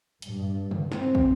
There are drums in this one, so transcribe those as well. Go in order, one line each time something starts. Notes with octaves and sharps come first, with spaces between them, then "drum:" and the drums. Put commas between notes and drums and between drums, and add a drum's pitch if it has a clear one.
G2, drum: hi-hat
drum: tom
C4, drum: snare
drum: kick